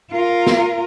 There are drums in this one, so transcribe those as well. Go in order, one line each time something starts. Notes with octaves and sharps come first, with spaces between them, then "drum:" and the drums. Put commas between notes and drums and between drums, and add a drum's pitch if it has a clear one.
F4 A#4
drum: snare